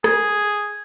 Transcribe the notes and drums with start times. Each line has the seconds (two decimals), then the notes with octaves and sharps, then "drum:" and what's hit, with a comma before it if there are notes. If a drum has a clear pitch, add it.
0.04 G#4, drum: rim click